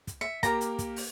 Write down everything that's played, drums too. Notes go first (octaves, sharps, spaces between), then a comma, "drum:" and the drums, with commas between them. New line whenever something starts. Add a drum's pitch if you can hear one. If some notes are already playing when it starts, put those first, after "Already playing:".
drum: kick, hi-hat
E5 C#7
A#3 G4 A#4 A#5, drum: kick, hi-hat
drum: hi-hat
drum: kick, hi-hat
drum: open hi-hat